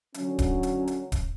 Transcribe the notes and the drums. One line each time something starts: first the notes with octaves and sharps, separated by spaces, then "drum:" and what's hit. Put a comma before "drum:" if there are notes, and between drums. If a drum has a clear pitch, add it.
D3 F#3 C#4, drum: hi-hat
drum: kick D1, hi-hat
drum: hi-hat
drum: hi-hat
drum: kick D1, hi-hat